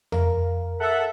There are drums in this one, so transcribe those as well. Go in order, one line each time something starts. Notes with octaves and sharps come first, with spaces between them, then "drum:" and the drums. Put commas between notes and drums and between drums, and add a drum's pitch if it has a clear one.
F2 A#4 F5, drum: tom E2
A4 E5 F#5